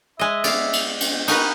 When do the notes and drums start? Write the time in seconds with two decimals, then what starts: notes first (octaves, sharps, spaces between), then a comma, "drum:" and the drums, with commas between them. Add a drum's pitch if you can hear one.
0.19 G#3 D#5 E5
0.44 D5 F5, drum: cymbal
0.73 drum: cymbal
1.00 drum: cymbal
1.28 D#4 F#4 A#4 B4, drum: cymbal